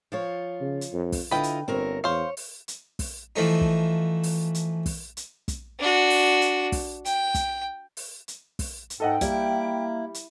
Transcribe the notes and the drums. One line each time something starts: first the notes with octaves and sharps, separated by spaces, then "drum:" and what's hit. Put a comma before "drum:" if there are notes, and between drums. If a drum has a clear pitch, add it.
F3 F4 C#5
C#3
drum: hi-hat
F2
drum: kick, open hi-hat
D3 E4 F4 B4 D#5 G5
drum: hi-hat
G1 C4 A#4 C#5
E2 C5 C#5 F5
drum: open hi-hat
drum: hi-hat
drum: kick, open hi-hat
E3 F3 A3 D#4
drum: kick
drum: open hi-hat
drum: hi-hat
drum: kick, open hi-hat
drum: hi-hat
drum: kick, hi-hat
D4 F#4
drum: open hi-hat
drum: hi-hat
drum: kick, open hi-hat
G5, drum: hi-hat
drum: kick, hi-hat
drum: open hi-hat
drum: hi-hat
drum: kick, open hi-hat
drum: hi-hat
G#2 A4 D#5 F#5 G5
G3 A#3 E4, drum: kick, hi-hat
drum: hi-hat